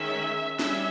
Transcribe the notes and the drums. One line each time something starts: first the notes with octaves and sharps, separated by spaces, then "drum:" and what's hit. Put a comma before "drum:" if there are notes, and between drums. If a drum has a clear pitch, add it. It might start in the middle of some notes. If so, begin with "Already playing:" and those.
Already playing: D#3 G#3 C#4 E5
G3 C#4 E5, drum: snare